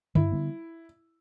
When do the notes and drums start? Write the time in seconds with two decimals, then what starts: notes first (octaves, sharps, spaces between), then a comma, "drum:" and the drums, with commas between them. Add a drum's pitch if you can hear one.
0.15 G2 E4, drum: tom
0.32 D3 G3 B3